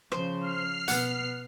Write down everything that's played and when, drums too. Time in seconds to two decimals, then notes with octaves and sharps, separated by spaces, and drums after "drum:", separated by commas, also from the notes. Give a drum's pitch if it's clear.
0.12 C#3 F3 C5, drum: rim click
0.41 F6 C7
0.88 B2 B3 F#5, drum: hi-hat